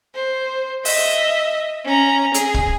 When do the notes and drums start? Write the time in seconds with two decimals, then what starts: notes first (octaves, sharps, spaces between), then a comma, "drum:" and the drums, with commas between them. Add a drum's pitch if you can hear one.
0.15 C5
0.85 D#5 E5, drum: open hi-hat
1.85 C#4 A#5
2.34 G#4, drum: hi-hat
2.54 drum: kick C#1